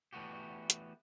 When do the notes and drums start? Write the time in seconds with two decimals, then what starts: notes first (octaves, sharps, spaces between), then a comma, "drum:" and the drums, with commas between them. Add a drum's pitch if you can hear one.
0.13 E3 A3 B3 F#4 G4
0.70 drum: hi-hat